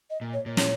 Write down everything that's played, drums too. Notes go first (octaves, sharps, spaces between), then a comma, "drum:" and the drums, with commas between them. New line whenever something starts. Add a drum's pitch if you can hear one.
D#5
A#2
C#5
A#2
C#5, drum: snare